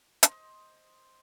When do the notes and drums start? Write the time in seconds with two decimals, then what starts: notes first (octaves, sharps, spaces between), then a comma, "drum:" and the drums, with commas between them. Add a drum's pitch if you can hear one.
0.23 C5 D#5, drum: hi-hat